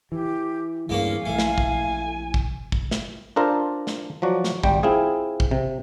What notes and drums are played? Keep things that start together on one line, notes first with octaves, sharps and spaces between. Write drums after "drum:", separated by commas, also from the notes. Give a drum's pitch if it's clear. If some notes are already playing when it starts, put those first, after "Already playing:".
E3 G4
D2 G2 E3 G#3 A#3 C#4 F5
A#1 E3 A3 G#5
drum: snare
drum: kick
drum: kick
drum: kick
drum: snare
D4 F4 A4 A#4 C5
drum: snare
F3 F#3 F#4 D5
drum: snare
G#1 G3 G5, drum: kick
C4 E4 F4 G#4
drum: kick
C3